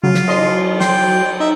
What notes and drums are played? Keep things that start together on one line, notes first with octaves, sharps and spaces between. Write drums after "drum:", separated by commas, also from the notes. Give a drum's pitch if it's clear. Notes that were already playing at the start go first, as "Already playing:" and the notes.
C#3 F#3 F4
drum: snare
D#5 C6, drum: cymbal
G5 C6, drum: snare
D#4 E5